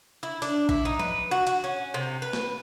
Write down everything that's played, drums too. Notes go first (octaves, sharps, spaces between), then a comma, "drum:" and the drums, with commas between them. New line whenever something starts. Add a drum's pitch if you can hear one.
E4
D4, drum: open hi-hat
E4, drum: kick
D#4
B4, drum: tom F3
F#4
F#4, drum: hi-hat
C#4
C3
B4
drum: snare